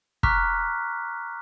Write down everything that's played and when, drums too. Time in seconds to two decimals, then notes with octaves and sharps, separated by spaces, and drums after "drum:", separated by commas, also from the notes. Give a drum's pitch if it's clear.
0.23 A#5 C#6 D6 F6 F#6 B6, drum: kick